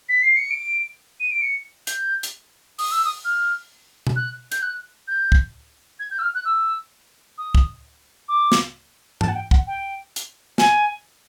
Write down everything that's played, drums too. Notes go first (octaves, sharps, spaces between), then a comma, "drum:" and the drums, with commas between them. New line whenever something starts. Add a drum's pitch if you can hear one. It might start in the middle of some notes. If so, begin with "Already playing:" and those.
B6
C7
C#7
D7
D#7
D7
C#7
G6, drum: hi-hat
drum: hi-hat
D#6, drum: open hi-hat
E6
D#6
F6
drum: tom B2
F#6
G6, drum: hi-hat
F#6
G6
drum: kick
G#6
G6
E6
F6
F#6
E6
D#6
drum: kick
D6
drum: snare
A5, drum: tom G#2
F#5
G5
F#5, drum: kick
G5
drum: hi-hat
G#5, drum: snare